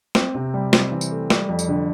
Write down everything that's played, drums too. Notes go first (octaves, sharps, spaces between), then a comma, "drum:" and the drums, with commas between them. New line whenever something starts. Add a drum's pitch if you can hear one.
C4, drum: snare
C3
G3
C4, drum: snare
E3
drum: tambourine
A3
G3, drum: snare
F2
drum: tambourine
D3